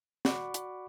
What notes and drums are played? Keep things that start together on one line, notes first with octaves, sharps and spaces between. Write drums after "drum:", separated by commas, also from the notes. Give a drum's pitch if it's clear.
F#4 D5 F#5 B5 C#6 D6, drum: snare
drum: hi-hat